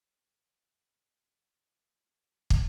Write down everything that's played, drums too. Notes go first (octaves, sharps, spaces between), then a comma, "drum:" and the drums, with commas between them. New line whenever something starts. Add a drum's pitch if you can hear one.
D#4
C#5 G5
drum: kick